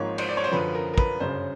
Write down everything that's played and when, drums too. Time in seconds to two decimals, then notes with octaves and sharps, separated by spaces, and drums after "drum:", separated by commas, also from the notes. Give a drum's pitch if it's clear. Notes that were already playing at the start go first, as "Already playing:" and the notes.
Already playing: G#1 G#2 F3 A#3 C#5
0.18 C5, drum: cymbal
0.29 D5
0.37 C#5
0.44 C5
0.51 F#2 D3 F3 B4
0.75 A#4
0.94 A#4
0.98 B4, drum: kick
1.20 G1 F#2 C#3 C5